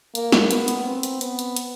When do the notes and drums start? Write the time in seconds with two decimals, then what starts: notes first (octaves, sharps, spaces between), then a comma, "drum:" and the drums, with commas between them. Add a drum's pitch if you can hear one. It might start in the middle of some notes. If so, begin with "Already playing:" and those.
0.15 A#3, drum: hi-hat
0.32 drum: snare
0.51 B3, drum: hi-hat
0.68 drum: hi-hat
0.85 C4
1.03 drum: hi-hat
1.21 B3, drum: hi-hat
1.39 drum: hi-hat
1.56 drum: hi-hat